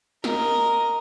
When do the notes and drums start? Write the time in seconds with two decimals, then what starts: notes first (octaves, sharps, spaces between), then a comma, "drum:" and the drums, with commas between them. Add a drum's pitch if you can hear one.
0.24 A#4 D#5, drum: snare